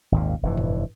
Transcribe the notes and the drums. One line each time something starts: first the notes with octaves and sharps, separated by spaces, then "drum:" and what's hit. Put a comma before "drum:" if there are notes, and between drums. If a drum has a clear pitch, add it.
G#1 D#2 A#2
F1 G2 E3
drum: tom A2